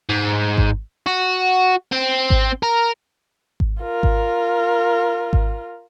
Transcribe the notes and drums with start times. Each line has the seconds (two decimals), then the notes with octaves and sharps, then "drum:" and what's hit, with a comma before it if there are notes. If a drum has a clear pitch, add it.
0.10 G#2
0.57 drum: kick G#1
1.07 F#4
1.92 C4
2.30 drum: kick G#1
2.63 A#4
3.60 drum: kick G#1
3.82 F4 A#4
4.03 drum: kick G#1
5.33 drum: kick G#1